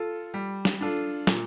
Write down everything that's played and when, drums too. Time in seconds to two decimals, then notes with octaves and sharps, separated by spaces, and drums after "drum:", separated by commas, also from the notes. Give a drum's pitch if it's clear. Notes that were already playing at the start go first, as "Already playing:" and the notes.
Already playing: F4 A4
0.34 G3
0.65 drum: snare
0.81 D4 F4 A4
1.27 A#2, drum: snare